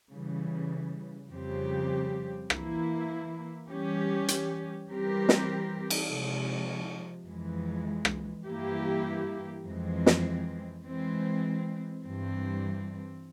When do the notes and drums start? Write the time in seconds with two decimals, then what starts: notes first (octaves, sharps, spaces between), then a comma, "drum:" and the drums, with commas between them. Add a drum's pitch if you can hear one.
0.12 C#3 E3 G3
1.31 F2 C#3 G3 C4 G4
2.50 E3 A#3 E4, drum: rim click
3.69 E3 G3 C#4 G4
4.28 drum: hi-hat
4.88 E3 G3 C4 G4 A#4
5.29 drum: snare
5.90 drum: cymbal
6.08 C3 F3 G#3
7.27 F2 E3 G#3
8.05 drum: rim click
8.46 G2 E3 A#3 E4 G4
9.64 F2 E3 G#3 C4
10.06 drum: snare
10.84 E3 G#3 C4
12.04 G2 E3 G3 C4